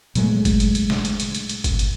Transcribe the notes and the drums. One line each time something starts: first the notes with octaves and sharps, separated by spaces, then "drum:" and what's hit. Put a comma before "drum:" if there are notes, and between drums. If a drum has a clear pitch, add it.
A#2 F#3 G#3 A3, drum: hi-hat
drum: kick, hi-hat
drum: hi-hat
drum: hi-hat
drum: snare
drum: hi-hat
drum: hi-hat
drum: hi-hat
drum: hi-hat
drum: kick, hi-hat
drum: hi-hat